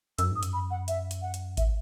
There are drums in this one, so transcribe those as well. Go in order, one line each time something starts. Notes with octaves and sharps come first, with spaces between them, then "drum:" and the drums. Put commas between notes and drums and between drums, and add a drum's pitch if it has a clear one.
F#2 E6, drum: hi-hat
G#2 D#6
F#2, drum: hi-hat
B5
F#5
E5, drum: hi-hat
drum: hi-hat
F#5
drum: hi-hat
E5, drum: kick G#1, hi-hat